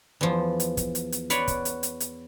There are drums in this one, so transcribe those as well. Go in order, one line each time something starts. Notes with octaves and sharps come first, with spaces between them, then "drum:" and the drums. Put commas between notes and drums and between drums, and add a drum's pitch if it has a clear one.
E2 F3
drum: hi-hat
drum: kick, hi-hat
drum: hi-hat
drum: hi-hat
B4 C#5 D5 F#5, drum: hi-hat
drum: kick, hi-hat
drum: hi-hat
drum: hi-hat
drum: hi-hat